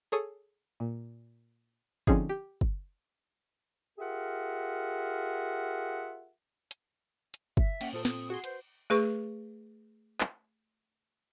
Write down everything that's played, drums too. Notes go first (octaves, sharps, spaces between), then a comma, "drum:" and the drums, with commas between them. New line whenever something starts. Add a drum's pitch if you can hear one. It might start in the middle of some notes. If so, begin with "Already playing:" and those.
G#4 A4 C#5 D#6
A#2
D3 F3 C4 C#4 D#4 G#4, drum: kick
G4
drum: kick
F4 G4 G#4 A#4 E5 F#5
drum: hi-hat
drum: hi-hat
E5, drum: kick
A#3 C#4 F#5 G5, drum: cymbal
A#2 F4 A4 C5 D#6
C4, drum: snare
F#4 G#4 C6
B4 C5, drum: hi-hat
A3 G#4 B4 C#6
drum: clap